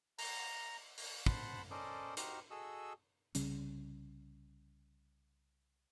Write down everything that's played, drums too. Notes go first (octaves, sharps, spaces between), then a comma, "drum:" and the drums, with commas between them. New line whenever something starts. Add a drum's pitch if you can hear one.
A#5, drum: open hi-hat
drum: open hi-hat
C5 F#5 A5 B5 C6, drum: kick
C#4 A4 A#4 C5 D5 D#5
D#4 F#4 G4 C5 A#5 F6, drum: hi-hat
F#4 G#4 A4 D#5 E6
C2 C#3 G3 C#4, drum: hi-hat